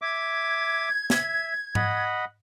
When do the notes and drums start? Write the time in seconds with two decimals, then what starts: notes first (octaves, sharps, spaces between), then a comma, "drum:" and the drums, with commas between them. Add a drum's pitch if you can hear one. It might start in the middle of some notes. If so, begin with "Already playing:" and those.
0.02 E5 D6 G#6
1.10 E5, drum: snare
1.75 D#5 F#5 B5, drum: tom G#2